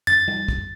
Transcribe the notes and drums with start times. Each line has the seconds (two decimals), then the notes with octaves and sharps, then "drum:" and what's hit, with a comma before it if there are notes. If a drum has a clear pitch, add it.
0.07 A6, drum: tom
0.28 drum: tom G3
0.48 drum: kick